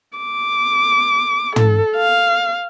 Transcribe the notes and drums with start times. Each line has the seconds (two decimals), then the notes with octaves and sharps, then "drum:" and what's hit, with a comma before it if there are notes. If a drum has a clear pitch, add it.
0.18 D6
1.56 A4, drum: tom
1.97 F5